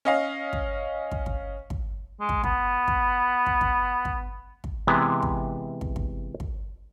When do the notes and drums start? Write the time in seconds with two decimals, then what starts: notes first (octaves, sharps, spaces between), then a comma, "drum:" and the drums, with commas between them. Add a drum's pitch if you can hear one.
0.05 C#4 D#5 F5
0.53 drum: kick
1.12 drum: kick
1.26 drum: kick
1.70 drum: kick
2.20 G#3
2.29 drum: kick
2.44 B3, drum: kick
2.88 drum: kick
3.46 drum: kick
3.61 drum: kick
4.05 drum: kick
4.64 drum: kick
4.87 C3 E3 G#3 B3
5.23 drum: kick
5.81 drum: kick
5.96 drum: kick
6.40 drum: kick